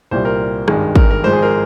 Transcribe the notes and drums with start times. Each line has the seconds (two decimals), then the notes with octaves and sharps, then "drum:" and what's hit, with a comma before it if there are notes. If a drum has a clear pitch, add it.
0.11 C2 A#2 G3 C5
0.25 A#4
0.68 G#1 G2 D#3 G#3, drum: rim click
0.96 A#4, drum: kick
1.11 A#4
1.24 G#1 G#2 F3 G#3 C5
1.33 G#4
1.42 A#4